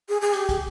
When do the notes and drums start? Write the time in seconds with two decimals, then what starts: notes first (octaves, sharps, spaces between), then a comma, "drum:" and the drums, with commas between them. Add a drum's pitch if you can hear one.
0.09 G#4
0.21 G#4
0.33 G4, drum: hi-hat
0.49 drum: kick, hi-hat